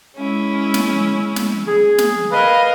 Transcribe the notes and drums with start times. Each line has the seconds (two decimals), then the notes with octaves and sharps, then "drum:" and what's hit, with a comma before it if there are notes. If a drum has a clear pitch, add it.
0.15 G#3 C#4 E4
0.74 drum: snare
1.36 drum: snare
1.67 G#4
1.98 drum: snare
2.31 A#4 B4 D#5 F5